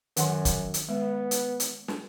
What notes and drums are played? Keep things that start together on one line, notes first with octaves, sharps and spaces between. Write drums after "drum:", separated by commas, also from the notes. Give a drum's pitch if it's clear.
F#2 D#3 F#5 C6, drum: hi-hat
drum: kick, hi-hat
drum: hi-hat
G#3 B3
drum: hi-hat
drum: hi-hat
drum: snare